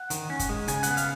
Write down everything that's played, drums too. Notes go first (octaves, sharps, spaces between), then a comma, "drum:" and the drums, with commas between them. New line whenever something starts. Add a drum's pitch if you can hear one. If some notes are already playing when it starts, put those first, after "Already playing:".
Already playing: F#5
D#3, drum: hi-hat
C#4
drum: kick, hi-hat
G#3
C#3 G#5, drum: hi-hat
B3 F#5, drum: hi-hat
F5, drum: hi-hat